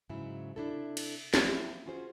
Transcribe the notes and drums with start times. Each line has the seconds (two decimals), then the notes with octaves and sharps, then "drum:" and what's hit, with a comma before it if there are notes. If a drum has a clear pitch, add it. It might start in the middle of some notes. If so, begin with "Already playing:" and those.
0.09 G#2 C#3 F#3 E4
0.56 C3 D4 E4 A4
0.97 drum: cymbal
1.34 F3 F#3 A#3 C4 E4 F4, drum: snare
1.86 C#4 F4 F#4 G#4 C5